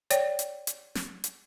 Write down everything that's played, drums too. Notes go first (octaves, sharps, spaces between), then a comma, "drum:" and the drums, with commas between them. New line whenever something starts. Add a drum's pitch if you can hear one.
C#5 D5 G5, drum: hi-hat
drum: hi-hat
drum: hi-hat
drum: snare
drum: hi-hat